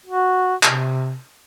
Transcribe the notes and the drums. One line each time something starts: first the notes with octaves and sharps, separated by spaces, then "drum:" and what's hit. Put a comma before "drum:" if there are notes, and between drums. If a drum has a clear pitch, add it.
F#4
C3, drum: clap